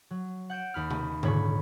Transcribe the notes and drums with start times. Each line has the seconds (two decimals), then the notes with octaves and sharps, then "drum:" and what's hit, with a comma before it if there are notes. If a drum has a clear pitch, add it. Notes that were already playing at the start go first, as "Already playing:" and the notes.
0.10 F#3
0.50 F#5 G6 D7 E7
0.74 D#2 B5 F6
0.91 drum: tom C3
1.23 D#1 G#2 D3 C#5 B5, drum: tom C3